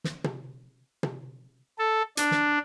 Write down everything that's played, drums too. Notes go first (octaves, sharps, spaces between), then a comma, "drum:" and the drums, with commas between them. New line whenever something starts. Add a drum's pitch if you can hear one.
drum: snare
drum: tom
drum: tom
A4
D4, drum: hi-hat
drum: snare